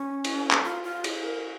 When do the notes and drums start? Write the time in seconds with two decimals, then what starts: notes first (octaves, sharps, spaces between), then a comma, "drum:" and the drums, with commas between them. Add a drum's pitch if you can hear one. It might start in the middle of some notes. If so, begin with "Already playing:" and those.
Already playing: C#4
0.24 drum: cymbal
0.51 drum: clap
0.64 F4
0.83 F4
1.04 G#4, drum: cymbal
1.24 A#4